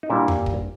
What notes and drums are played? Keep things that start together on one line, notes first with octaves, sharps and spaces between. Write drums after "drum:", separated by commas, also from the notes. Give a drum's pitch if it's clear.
D#4
A#2 G3 A#3 D4 E4
drum: tom F2
drum: kick